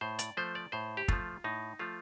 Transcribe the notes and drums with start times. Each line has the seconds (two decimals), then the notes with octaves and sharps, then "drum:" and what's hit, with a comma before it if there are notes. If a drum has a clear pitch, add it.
0.01 A2 C5
0.19 D5, drum: hi-hat
0.37 F3 A3 C5
0.55 D5
0.72 A2 C5
0.97 G4
1.08 F3 A3 F4, drum: kick
1.44 A2 D#4
1.79 F3 A3 F4